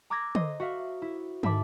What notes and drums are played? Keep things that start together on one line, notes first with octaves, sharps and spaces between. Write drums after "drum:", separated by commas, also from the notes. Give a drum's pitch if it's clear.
A#5 D6 E6 F#6 G#6 A#6
C5 D#5, drum: tom
F#4 E5 F5
E4
G#2 E5 A5 B5 D6, drum: tom